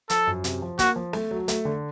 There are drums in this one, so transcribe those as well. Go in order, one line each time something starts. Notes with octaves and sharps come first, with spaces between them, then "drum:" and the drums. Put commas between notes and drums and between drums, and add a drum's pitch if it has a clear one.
F3 A4, drum: hi-hat
F#2
C3, drum: hi-hat
F3
A#3 F#4, drum: kick, hi-hat
F3
A3, drum: snare
F#3
A3, drum: hi-hat
D3